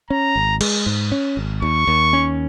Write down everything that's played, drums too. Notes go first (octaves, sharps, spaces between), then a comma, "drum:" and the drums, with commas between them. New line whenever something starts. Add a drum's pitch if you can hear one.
C#4 A#5
G#1
G#3, drum: cymbal
G#2
C#4
G#1
D#2 C#6
D#2
C#4